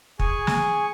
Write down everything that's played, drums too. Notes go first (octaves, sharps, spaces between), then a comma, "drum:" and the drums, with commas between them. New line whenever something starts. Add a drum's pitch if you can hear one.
G#4 G#5 C#6, drum: kick
drum: snare